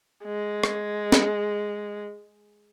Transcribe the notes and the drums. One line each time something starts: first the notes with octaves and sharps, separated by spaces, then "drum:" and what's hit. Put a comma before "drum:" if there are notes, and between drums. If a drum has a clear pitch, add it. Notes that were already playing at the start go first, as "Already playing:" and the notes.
G#3
drum: rim click
drum: snare